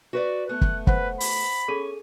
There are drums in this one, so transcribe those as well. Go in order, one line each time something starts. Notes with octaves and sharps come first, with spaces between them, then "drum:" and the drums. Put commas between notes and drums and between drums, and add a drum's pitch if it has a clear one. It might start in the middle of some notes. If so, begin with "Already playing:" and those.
F#4 B4 D5
A3 B3 F#6
drum: kick
B4 C5 F#5, drum: kick
B5, drum: open hi-hat
C#4 G#4 A4 D#7